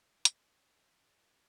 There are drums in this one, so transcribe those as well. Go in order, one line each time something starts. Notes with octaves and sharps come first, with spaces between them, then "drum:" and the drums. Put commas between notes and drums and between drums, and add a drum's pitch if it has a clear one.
F#5, drum: hi-hat
D#4 E4 B4
F#3
D3 E3